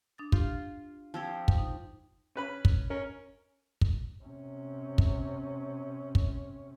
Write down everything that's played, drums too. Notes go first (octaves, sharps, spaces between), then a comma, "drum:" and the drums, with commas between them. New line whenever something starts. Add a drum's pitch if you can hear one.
D4 D#6 A6
F4 G4, drum: kick
F3 C4 F4 G4 E6 G#6
drum: kick
D#4
C#4 B4 B5
drum: kick
C#4 A#4
drum: kick
C3 C#4
drum: kick
drum: kick